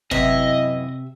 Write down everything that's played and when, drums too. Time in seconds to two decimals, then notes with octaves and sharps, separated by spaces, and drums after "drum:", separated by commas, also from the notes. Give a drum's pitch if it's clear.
0.11 F#2 C3 E3 D#5 E5, drum: kick G1